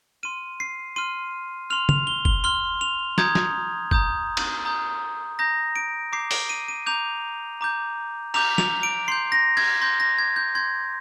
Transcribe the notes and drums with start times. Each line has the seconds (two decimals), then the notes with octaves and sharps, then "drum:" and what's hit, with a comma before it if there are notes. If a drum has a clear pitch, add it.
0.23 C6 F6 D#7
0.60 C7
0.96 C6 F6 D#7
1.70 C6 F6 F7
1.89 F7, drum: tom
2.07 G7
2.25 G7, drum: kick
2.44 C6 F6 G7
2.81 F7
3.18 A#5 D#6 G6 G#6, drum: snare
3.35 drum: snare
3.91 A#5 D#6 G6, drum: kick
4.37 drum: cymbal
4.65 A#5 D#6 G6
5.39 A#5 D#6 G6 A#6
5.76 D7
6.12 A#5 D6 G6 C7
6.31 D7, drum: open hi-hat
6.49 D#7
6.68 D#7
6.86 A#5 D6 G6 F7
7.61 A#5 D6 G6
8.34 A#5 D6 G6 F7, drum: cymbal
8.58 F7, drum: snare
8.83 D7
9.08 C6 G6 C7
9.32 A#6
9.57 G#6, drum: cymbal
9.81 C6 G6 A#6
10.00 A#6
10.19 G#6
10.36 G6
10.55 C6 G6 G#6